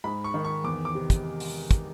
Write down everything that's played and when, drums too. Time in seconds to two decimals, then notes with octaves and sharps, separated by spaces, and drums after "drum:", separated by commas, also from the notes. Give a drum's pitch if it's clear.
0.04 G#2 B5
0.24 C#6
0.34 D#3
0.45 C#6
0.64 E2 D6
0.85 D6
0.95 C3
1.10 drum: kick, hi-hat
1.40 drum: open hi-hat
1.71 drum: kick, hi-hat